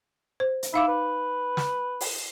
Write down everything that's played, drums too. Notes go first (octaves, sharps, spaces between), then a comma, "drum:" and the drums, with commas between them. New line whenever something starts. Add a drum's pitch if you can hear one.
C5
drum: hi-hat
D#4 E4 F5 D6
B4
drum: snare
drum: open hi-hat